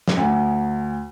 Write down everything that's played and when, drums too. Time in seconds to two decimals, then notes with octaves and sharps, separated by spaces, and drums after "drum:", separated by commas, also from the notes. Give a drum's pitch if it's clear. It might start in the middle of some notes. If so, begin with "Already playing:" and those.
0.08 drum: snare
0.17 D2